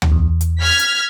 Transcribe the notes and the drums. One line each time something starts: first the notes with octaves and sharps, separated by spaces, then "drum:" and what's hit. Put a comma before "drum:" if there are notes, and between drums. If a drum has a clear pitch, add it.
drum: tom D2
E2
drum: hi-hat
F6 G#6 B6
drum: hi-hat